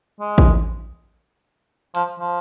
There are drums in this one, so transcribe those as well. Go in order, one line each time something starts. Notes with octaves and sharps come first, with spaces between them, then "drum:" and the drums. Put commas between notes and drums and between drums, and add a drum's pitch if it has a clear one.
G#3
drum: kick A1
F3, drum: hi-hat
F3